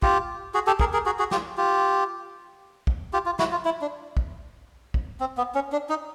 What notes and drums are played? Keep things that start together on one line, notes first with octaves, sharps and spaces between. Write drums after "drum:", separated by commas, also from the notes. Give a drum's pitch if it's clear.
F4 G4, drum: kick
F#4 G#4
G4 A4
G#4 A#4, drum: kick
G#4 A#4
F#4 G#4
F#4 G#4
F4 G4, drum: snare
F4 G4
drum: kick
F4 G4
F4
E4 F#4, drum: snare
F4
E4
D4
drum: kick
drum: kick
C4
B3
C#4
D4
D#4